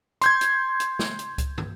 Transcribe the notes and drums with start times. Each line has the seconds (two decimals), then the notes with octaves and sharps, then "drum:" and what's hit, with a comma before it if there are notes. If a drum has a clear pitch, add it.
0.22 C6 G6 G#6, drum: hi-hat
0.41 drum: hi-hat
0.80 drum: hi-hat
0.99 drum: snare
1.19 drum: hi-hat
1.38 drum: kick C#2, hi-hat
1.58 drum: tom